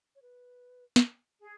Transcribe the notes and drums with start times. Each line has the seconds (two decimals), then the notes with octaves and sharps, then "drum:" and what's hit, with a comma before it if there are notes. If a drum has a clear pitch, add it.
0.15 C#5
0.22 B4
0.96 drum: snare
1.41 G#4